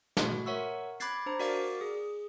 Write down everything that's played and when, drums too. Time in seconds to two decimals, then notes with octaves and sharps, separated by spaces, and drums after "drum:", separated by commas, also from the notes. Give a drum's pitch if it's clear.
0.17 A3 F#4 C6, drum: snare
0.46 A#4 C#5 E5 F#5 C#6 E6
1.00 B5 D6 F#6 G#6 A6 C7, drum: hi-hat
1.26 D4 C5 A#5
1.39 F#4 A#4 D5 F5 D6 A6, drum: open hi-hat
1.81 G#4